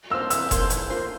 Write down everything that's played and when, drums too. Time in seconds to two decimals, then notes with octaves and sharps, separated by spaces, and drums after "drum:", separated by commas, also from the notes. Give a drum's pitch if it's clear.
0.10 A#3 F4 C5 E6
0.30 E3 E6, drum: hi-hat
0.51 A#3 F4 C5, drum: kick F1, hi-hat
0.70 E3, drum: hi-hat
0.90 A#3 F4 C5